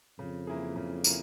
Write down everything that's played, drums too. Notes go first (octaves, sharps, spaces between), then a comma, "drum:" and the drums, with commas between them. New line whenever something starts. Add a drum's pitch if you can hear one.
F2 C#3
E3 A#3 E4 G#4
C#3
E3 A#3 E4, drum: tambourine